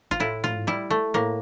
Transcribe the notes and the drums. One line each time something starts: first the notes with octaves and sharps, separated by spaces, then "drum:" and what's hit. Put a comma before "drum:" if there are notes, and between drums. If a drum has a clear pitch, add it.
F4, drum: kick
A2 E4
F4, drum: tom
G3 E4
A3
A2 A#3